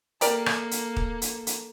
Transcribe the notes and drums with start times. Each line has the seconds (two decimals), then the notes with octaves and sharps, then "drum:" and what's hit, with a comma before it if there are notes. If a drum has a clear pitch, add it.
0.21 A#3 G4 A4 A#4 D5, drum: hi-hat
0.46 drum: rim click
0.71 drum: hi-hat
0.96 drum: kick
1.22 drum: hi-hat
1.47 drum: hi-hat